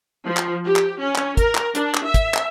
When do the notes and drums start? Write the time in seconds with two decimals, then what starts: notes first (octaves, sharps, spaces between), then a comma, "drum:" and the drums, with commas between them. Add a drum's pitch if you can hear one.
0.24 F3
0.37 drum: clap
0.64 G4
0.76 drum: clap
1.00 C#4
1.16 drum: clap
1.37 A#4, drum: kick, hi-hat
1.55 drum: clap
1.75 D4, drum: hi-hat
1.95 drum: clap
2.05 E5
2.14 drum: kick, hi-hat
2.34 drum: clap